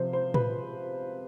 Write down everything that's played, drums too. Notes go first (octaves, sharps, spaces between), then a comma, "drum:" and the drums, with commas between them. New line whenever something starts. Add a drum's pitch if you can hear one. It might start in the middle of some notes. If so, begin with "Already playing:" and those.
Already playing: C3 F3 C5
C5
B4, drum: tom A2